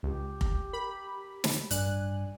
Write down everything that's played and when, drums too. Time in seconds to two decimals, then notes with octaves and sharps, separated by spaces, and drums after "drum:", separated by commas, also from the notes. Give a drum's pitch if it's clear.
0.03 C#2 G4
0.41 drum: kick F1
0.73 A#4 B5
1.44 drum: snare
1.71 A1 G2 D5 G#5 F#6, drum: hi-hat